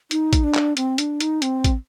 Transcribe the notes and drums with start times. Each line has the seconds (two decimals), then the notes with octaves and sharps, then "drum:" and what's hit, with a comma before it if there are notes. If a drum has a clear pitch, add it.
0.11 D#4, drum: hi-hat
0.33 drum: kick A1, hi-hat
0.44 D4
0.55 drum: clap
0.77 C4, drum: hi-hat
0.98 D4, drum: hi-hat
1.20 D#4, drum: hi-hat
1.42 C4, drum: hi-hat
1.64 drum: kick A1, hi-hat